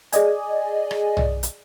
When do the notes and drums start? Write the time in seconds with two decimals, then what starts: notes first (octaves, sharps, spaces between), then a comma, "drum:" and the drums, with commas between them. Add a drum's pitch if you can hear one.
0.13 G#4 D5 D#5 G#5, drum: hi-hat
0.91 drum: rim click
1.17 drum: tom
1.43 drum: hi-hat